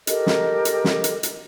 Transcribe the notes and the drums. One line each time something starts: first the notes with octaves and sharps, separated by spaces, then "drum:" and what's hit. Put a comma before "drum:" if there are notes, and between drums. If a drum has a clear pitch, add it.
G4 A4 A#4 D#5, drum: hi-hat
drum: snare
drum: hi-hat
drum: snare
drum: hi-hat
drum: hi-hat